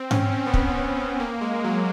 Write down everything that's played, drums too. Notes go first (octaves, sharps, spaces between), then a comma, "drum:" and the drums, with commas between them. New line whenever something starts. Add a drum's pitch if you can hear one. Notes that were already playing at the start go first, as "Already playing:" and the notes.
Already playing: C4
C#4, drum: tom G#2
C4
B3
C4, drum: kick
C4
B3
A#3
G#3
F#3